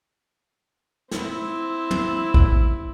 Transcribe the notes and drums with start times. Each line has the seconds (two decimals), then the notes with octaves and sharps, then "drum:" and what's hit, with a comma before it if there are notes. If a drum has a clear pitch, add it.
1.11 C4 E4, drum: snare
1.91 drum: tom
2.34 drum: kick